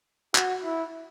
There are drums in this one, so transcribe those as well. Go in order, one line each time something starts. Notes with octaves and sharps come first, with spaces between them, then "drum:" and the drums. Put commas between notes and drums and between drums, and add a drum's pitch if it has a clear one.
F#4, drum: clap
E4